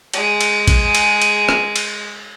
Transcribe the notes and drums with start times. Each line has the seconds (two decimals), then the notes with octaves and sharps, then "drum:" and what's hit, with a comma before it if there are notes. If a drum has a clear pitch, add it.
0.13 G#3 G#4, drum: cymbal
0.41 drum: cymbal
0.68 drum: kick A#1, cymbal
0.95 drum: cymbal
1.22 drum: cymbal
1.49 drum: rim click
1.76 drum: cymbal